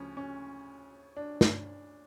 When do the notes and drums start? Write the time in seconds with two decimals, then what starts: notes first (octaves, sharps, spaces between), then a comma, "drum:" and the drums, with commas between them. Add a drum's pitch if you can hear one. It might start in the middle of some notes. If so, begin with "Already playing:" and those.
Already playing: D2 C#3 F3 C#4
0.17 C#4
1.16 D4
1.41 drum: snare